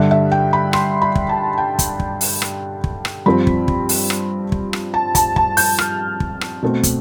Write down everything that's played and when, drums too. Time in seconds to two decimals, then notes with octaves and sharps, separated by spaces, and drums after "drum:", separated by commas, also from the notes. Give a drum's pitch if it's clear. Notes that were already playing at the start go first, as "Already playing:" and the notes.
Already playing: G2 D3 G3 E5
0.11 E5
0.31 G5
0.53 B5
0.73 C6, drum: rim click
1.02 B5
1.15 drum: kick
1.29 A5
1.58 G5
1.79 drum: kick, hi-hat
2.00 drum: kick
2.21 drum: open hi-hat
2.42 drum: rim click
2.84 drum: kick
3.05 drum: rim click
3.26 G2 F3 C4 B5
3.47 drum: kick
3.68 drum: kick
3.89 drum: open hi-hat
4.10 drum: rim click
4.52 drum: kick
4.73 drum: rim click
4.94 A5
5.15 A5, drum: kick, hi-hat
5.36 A5, drum: kick
5.57 G6, drum: open hi-hat
5.79 F6, drum: rim click
6.20 drum: kick
6.41 drum: rim click
6.63 B2 A3 C4
6.83 drum: kick, hi-hat